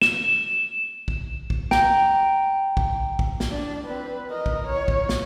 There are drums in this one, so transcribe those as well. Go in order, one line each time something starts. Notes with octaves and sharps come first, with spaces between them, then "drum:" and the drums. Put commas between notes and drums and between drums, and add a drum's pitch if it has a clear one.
E7, drum: snare
drum: kick
drum: kick
G5 A#5, drum: snare
drum: kick
drum: kick
drum: snare
D4 D5
C4 B4
A#4 D#5
drum: kick
C#5
drum: kick
drum: snare